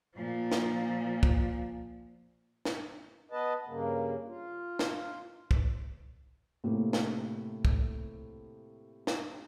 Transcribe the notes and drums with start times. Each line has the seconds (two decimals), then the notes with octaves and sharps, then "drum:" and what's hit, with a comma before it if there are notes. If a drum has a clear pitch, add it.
0.16 A#2 F3
0.52 drum: snare
1.23 drum: kick
2.65 drum: snare
3.31 B3 B4 D#5 A5
3.67 G2 C#3 A#3
4.28 F4
4.79 drum: snare
5.51 drum: kick
6.64 A2 C3 A#3
6.93 drum: snare
7.65 drum: kick
9.07 drum: snare